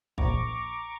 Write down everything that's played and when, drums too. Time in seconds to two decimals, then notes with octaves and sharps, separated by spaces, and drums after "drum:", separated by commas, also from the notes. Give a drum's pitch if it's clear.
0.18 A#1 A#5 C#6 D6, drum: kick